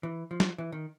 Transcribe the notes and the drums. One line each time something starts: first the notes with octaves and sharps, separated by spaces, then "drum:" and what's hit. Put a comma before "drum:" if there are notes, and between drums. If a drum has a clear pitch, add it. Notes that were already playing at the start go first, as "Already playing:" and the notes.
E3
F3
drum: snare
E3
D#3